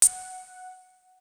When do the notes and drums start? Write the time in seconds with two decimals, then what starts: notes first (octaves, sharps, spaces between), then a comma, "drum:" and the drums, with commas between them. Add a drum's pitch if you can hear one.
0.02 F#5, drum: hi-hat